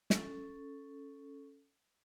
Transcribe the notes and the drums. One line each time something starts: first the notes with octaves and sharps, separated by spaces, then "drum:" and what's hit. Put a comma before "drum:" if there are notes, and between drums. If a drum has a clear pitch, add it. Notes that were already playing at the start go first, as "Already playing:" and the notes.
C#4 A4, drum: snare